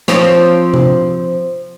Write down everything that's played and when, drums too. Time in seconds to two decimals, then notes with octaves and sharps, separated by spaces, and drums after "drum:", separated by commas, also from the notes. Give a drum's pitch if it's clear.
0.08 F3 C4 C#5, drum: snare
0.74 drum: tom C3